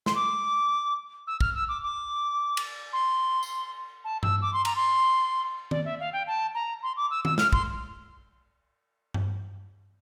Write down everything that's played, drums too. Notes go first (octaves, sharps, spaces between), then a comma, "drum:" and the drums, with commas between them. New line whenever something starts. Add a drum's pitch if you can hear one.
C6, drum: snare
D6
E6
F6, drum: kick
E6
D6
D6
drum: cymbal
C6
drum: tambourine
A5
E6, drum: tom G2
D6
C6
A#5, drum: cymbal
C6
D5, drum: tom D#3
E5
F5
G5
A5
A#5
C6
D6
E6
E6, drum: tom D#3
F6, drum: snare
C6, drum: kick
drum: tom G2